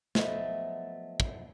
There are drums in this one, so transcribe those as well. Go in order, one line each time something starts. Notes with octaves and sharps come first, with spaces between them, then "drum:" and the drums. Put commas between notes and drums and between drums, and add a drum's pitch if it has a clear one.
F3 F#3 A3 B3 D#5 E5, drum: snare
drum: kick